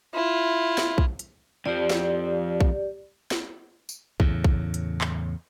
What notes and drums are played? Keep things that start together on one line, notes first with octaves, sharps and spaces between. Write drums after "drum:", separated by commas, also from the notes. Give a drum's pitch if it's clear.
E4 F4
drum: snare
drum: kick A#1
drum: hi-hat
F2 F3 G4 D5
drum: snare
drum: kick A#1
drum: snare
drum: tambourine
E2 A2 C#3, drum: kick A#1
drum: kick A#1
drum: hi-hat
drum: clap